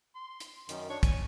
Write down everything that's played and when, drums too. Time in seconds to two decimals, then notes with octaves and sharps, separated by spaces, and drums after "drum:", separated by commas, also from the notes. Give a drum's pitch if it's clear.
0.15 C6
0.40 drum: hi-hat
0.69 F#2 D#3, drum: hi-hat
0.90 D4 C#5
1.03 C#5 G#5, drum: kick, hi-hat